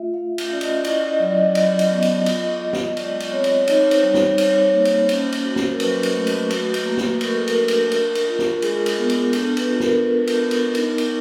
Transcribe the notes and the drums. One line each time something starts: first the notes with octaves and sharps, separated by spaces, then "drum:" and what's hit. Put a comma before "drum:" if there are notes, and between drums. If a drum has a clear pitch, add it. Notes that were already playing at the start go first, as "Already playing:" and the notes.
Already playing: A3 F4 E5
A3 F5
E5, drum: cymbal
C#4 D5
D#5, drum: cymbal
D5
E4 D#5, drum: cymbal
D#5
F#3 D5
D#5
F#3, drum: cymbal
drum: cymbal
B3
drum: cymbal
F4, drum: cymbal
G#3
drum: snare
G#3 D5, drum: cymbal
drum: cymbal
C4 C#5
drum: cymbal
D#4 C#5, drum: cymbal
C5, drum: cymbal
G3
C5, drum: snare
G3 C#5, drum: cymbal
C5
C#5
A#3
drum: cymbal
C#4 C5, drum: cymbal
drum: cymbal
F#4
C5, drum: snare
A#4
F#3 B4, drum: cymbal
drum: cymbal
A3
drum: cymbal
F#4, drum: cymbal
drum: cymbal
A#3
drum: snare
A#3 A#4, drum: cymbal
A4
A#4, drum: cymbal
D4
drum: cymbal
D4, drum: cymbal
drum: cymbal
F4
drum: snare
G#3 G#4, drum: cymbal
drum: cymbal
B3
drum: cymbal
D4 A4, drum: cymbal
B4, drum: cymbal
F4
A#4, drum: snare
G#3
drum: cymbal
B3
drum: cymbal
D#4, drum: cymbal
drum: cymbal